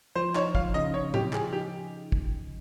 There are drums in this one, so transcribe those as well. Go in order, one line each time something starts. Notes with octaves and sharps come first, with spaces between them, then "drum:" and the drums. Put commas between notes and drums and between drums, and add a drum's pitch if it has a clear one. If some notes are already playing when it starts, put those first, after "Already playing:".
F3 C5
D#4 C#5, drum: clap
F3 F5, drum: kick
C#3 D#5
C#3 C#5
F3 G4, drum: tom A2
F3 G#4, drum: clap
D#4 G4
drum: kick